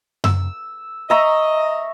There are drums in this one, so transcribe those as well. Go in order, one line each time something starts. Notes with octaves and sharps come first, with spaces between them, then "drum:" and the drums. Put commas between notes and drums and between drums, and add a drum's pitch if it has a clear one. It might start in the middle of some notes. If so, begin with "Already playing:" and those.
E6, drum: tom F#2
D#5 E5 A#5 C#6